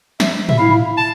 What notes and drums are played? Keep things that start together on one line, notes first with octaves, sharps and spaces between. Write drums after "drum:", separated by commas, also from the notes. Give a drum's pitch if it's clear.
E5, drum: snare
E5, drum: tom A2
E4 F5
A5